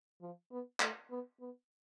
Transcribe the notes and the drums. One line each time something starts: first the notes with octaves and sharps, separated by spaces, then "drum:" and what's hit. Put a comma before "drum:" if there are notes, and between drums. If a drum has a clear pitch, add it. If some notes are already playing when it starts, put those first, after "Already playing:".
F3
B3
A3, drum: clap
B3
B3